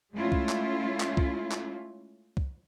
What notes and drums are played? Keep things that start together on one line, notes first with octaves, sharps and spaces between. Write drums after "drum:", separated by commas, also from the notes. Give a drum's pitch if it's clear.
G#3 A3 C#4 E4 F4
drum: kick C2
drum: clap
drum: clap
drum: kick C2
drum: clap
drum: kick C2